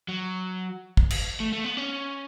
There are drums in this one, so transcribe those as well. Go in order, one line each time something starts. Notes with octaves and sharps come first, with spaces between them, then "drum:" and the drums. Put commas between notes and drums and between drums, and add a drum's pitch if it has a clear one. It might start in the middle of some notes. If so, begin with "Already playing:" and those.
F#3
drum: kick
drum: cymbal
A3
A3
B3
C#4